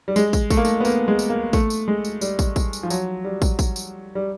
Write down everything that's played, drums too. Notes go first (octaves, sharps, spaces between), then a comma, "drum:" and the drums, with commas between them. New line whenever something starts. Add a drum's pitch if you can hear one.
G3
G#3, drum: tambourine
drum: kick, tambourine
A3, drum: kick, tambourine
A#3
A3, drum: tambourine
B3
A#3, drum: tambourine
G#3
drum: tambourine
A#3
A3, drum: kick, tambourine
drum: tambourine
G#3
drum: tambourine
G3, drum: tambourine
drum: kick, tambourine
drum: kick, tambourine
drum: tambourine
F3
F#3, drum: tambourine
G3
drum: kick, tambourine
drum: kick, tambourine
drum: tambourine
G3